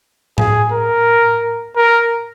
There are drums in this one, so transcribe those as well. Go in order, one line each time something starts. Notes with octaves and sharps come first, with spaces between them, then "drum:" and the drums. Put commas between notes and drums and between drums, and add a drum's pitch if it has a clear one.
G#4, drum: tom A2
A#4
A#4